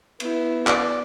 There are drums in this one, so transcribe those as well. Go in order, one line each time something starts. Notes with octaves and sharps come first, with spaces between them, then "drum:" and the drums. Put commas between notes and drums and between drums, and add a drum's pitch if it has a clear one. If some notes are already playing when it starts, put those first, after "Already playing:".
B3 E4, drum: cymbal
D5, drum: clap